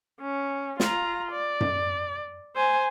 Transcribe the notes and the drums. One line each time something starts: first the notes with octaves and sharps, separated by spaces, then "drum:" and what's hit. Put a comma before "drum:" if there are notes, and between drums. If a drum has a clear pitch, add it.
C#4
F4 A#5, drum: snare
D5
drum: tom F#2
C5 G#5